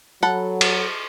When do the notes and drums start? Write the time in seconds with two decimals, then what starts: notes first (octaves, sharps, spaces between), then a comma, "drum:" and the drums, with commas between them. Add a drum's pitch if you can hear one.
0.23 F#3 A4 F#5 B5
0.61 drum: cymbal